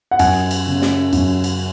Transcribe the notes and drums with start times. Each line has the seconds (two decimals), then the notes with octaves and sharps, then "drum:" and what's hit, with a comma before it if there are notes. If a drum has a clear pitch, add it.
0.11 F#5
0.19 F#2 G#5, drum: cymbal
0.51 drum: cymbal
0.67 C#3
0.82 drum: snare
1.13 F#2, drum: cymbal
1.44 drum: cymbal